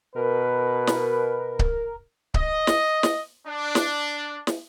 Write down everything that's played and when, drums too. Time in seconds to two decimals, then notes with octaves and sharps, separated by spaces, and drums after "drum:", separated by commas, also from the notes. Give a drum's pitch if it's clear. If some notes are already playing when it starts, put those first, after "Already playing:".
0.15 B2 A#4 B4
0.87 drum: snare
1.59 drum: kick C#1
2.34 D#5, drum: kick C#1
2.67 drum: snare
3.03 drum: snare
3.46 D4
3.75 drum: snare
4.47 drum: snare